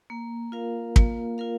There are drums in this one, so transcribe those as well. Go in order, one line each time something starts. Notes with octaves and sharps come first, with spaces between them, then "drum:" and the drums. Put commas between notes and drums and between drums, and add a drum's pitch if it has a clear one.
A#3
F4 A#4 F5
A#3, drum: kick
F4 A#4 F5